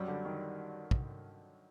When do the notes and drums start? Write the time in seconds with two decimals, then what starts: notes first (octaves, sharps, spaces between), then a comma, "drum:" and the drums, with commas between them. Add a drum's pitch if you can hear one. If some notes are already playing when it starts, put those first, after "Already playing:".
Already playing: F#2 F#3 G3
0.08 D3
0.25 D#3
0.91 drum: kick